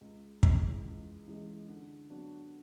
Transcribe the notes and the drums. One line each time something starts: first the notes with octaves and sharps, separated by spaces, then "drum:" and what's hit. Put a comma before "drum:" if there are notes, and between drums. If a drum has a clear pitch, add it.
C#2
C#3 E3 G#3, drum: kick
C#2
C#3 E3 G#3
D3
F#3 B3 D4